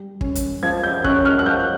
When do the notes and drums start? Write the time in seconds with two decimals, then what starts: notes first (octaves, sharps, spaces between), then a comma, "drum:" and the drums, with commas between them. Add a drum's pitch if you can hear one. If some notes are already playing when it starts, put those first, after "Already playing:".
Already playing: G3
0.21 C#4, drum: kick
0.35 drum: hi-hat
0.63 F3 G#6
0.83 G6
1.04 C#4 F#6, drum: kick
1.25 F6
1.39 F#6
1.46 F3 G6